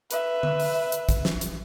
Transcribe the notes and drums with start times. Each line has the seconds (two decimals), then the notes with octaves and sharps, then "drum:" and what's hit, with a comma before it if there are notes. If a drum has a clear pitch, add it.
0.11 B4 E5, drum: hi-hat
0.43 drum: tom D3
0.60 drum: open hi-hat
0.92 drum: hi-hat
1.09 drum: kick, hi-hat
1.25 drum: snare
1.41 drum: hi-hat